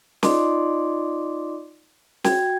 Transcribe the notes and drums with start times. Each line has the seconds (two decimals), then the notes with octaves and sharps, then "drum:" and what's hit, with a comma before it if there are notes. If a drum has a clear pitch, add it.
0.23 D#4 F4 D5 D#5 C6 D6, drum: snare
2.24 F#4 G5 G#6, drum: snare